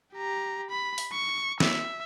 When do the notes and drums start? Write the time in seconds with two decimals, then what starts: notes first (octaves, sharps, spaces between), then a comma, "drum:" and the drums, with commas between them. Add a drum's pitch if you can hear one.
0.14 G4 A#5
0.70 B5
0.98 drum: open hi-hat
1.12 C#6
1.60 E5, drum: snare